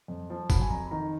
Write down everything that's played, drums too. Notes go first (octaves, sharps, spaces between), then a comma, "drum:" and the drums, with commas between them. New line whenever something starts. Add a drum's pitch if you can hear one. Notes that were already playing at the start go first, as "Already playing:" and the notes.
F2
F3
F#3 B5, drum: kick, tambourine
G#5
F2 A#5
B5
D#3 A#5